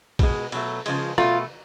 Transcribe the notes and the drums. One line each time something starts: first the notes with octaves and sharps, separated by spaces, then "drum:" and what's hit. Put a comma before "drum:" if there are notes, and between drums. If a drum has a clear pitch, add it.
B2 G#3, drum: kick, cymbal
B2 F#3 A3, drum: cymbal
C#3 F3 G#3, drum: cymbal
B2 A3 F4, drum: rim click